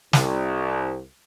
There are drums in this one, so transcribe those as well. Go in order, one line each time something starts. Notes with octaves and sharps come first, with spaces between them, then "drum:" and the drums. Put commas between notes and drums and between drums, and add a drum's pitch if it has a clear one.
C2, drum: snare